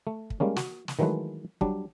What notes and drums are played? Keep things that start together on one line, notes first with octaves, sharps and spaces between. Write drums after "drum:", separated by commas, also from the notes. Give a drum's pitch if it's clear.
A3
drum: kick
G3 G#3 A#3 C#4
F#4, drum: snare
drum: snare
D#3 E3 F#3 G#3 A3 B4
F#3 G3 D4, drum: kick